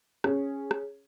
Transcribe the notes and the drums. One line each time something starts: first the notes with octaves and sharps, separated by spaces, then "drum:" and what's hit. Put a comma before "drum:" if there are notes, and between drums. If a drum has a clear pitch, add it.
C#4 G#4, drum: rim click
drum: rim click